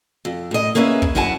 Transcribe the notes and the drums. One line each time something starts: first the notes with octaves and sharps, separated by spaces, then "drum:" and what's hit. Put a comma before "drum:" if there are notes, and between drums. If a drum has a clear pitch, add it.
F2
A2 D#5
A#3 C#4 G#4 B4 C#5 E5
drum: kick
F#2 E4 F#5 G#5 A5